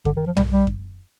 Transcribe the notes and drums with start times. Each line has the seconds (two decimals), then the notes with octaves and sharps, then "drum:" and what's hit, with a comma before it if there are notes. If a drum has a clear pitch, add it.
0.05 D3, drum: kick F#2
0.16 D#3
0.26 F3
0.37 G3, drum: tom B1
0.52 G3
0.67 drum: kick F#2